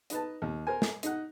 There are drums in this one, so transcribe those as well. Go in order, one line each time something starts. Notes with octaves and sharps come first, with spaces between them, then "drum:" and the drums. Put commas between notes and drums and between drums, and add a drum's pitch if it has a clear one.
D#4 B4 A5, drum: hi-hat
D#2
A#4 C5 G#5
drum: snare
D#4 F#5, drum: hi-hat